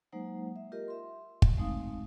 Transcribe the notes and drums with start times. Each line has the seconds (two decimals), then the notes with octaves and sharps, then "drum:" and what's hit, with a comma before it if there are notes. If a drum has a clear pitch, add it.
0.13 F#3 G#3 A#3 D#4 C5 F#5
0.56 E5
0.72 F4 G4 A#4 D#5
0.88 E5 C6
1.42 drum: kick
1.58 G#3 A3 C4 D#4 F5 D#6